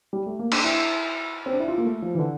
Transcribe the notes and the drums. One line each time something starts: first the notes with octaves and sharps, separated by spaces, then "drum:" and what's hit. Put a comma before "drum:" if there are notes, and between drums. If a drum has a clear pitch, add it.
G3
A3
A#3
D4, drum: cymbal
E4
C4
D4
E4
F4
A#3
A3
F3
E3
D3